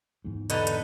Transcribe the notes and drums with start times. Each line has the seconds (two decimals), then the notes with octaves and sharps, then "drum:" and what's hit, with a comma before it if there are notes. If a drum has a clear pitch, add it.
0.24 E2 G#2
0.50 D3 B3 D#4, drum: hi-hat
0.67 drum: hi-hat